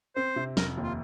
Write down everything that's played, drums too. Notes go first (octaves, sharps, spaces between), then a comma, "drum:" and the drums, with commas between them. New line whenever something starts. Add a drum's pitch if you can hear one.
C4 C5
C3
F1 A#4, drum: snare
D#2
F4